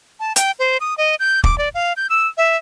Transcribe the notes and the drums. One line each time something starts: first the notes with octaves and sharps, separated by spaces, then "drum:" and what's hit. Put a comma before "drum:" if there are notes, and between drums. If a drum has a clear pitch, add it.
A5
G5, drum: hi-hat
C5
D#6
D#5
G6
D6, drum: kick
D5
F5
G6
E6
E5